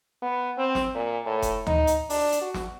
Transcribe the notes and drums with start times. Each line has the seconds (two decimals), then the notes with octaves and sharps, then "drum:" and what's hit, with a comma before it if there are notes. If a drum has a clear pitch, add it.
0.22 B3
0.58 C4
0.75 drum: snare
0.94 A#2
1.26 A2
1.42 drum: kick F1, hi-hat
1.67 D#4, drum: tom D2
1.87 drum: hi-hat
2.10 D4, drum: open hi-hat
2.32 drum: hi-hat
2.42 F#4
2.54 drum: snare